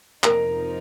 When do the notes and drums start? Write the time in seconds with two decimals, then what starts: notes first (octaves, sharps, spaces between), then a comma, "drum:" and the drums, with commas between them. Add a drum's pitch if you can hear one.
0.24 F2 C3 F3 D#4 A#4, drum: clap